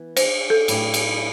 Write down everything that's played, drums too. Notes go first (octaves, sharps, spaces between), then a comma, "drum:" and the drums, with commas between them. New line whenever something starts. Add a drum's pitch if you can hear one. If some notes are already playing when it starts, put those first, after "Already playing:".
Already playing: E3 B3
C5, drum: cymbal
A4
A2 F#3 B3 E4 G4, drum: cymbal
drum: cymbal